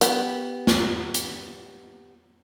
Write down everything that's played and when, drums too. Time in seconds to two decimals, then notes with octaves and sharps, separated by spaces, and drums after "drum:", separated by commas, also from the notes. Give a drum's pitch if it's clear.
0.01 B3 G4 B4, drum: hi-hat
0.67 drum: snare
1.14 drum: hi-hat